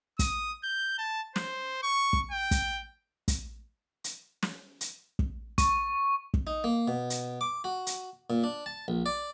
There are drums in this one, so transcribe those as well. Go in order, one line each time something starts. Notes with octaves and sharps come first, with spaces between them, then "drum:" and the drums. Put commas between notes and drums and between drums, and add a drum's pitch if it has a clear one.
D#6, drum: kick, hi-hat
G6
A5
C5, drum: snare
C#6
drum: kick
G5
drum: kick, hi-hat
drum: kick, hi-hat
drum: hi-hat
drum: snare
drum: hi-hat
drum: kick
C#6, drum: kick, hi-hat
drum: kick
D#4
A#3
B2
drum: hi-hat
D6
F#4
drum: hi-hat
A#2
D4
A5
A#1
D5